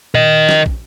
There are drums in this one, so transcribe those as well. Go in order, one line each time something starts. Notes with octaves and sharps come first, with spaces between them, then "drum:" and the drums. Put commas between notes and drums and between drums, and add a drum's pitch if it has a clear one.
A#4 D#5, drum: tom A#2
drum: snare
drum: kick